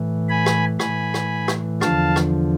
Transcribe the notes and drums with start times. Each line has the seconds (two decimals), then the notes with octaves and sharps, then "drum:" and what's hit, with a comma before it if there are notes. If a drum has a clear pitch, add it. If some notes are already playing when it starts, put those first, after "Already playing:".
Already playing: A2 E3
0.29 G#5 B5
0.46 drum: rim click
0.80 A2 E3 G#5 B5, drum: rim click
1.14 drum: rim click
1.48 drum: rim click
1.81 E2 D3 F3 F5 A5, drum: rim click
2.16 drum: rim click